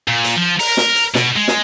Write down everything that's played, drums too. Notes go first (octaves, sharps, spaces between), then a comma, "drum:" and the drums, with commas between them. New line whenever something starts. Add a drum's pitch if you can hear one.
A#2
drum: hi-hat
F3
A#4, drum: open hi-hat
drum: snare
drum: hi-hat
B2, drum: snare
G#3
drum: snare